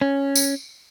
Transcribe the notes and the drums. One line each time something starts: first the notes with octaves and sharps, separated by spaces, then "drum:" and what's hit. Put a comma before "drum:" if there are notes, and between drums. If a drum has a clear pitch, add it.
C#4
drum: tambourine